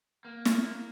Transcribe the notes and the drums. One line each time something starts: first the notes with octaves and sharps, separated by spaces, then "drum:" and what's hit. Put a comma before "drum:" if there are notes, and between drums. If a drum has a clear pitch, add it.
A#3
drum: snare